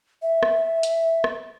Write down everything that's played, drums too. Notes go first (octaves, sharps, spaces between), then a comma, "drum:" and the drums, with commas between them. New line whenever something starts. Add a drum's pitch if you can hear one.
E5
drum: rim click
drum: hi-hat
drum: rim click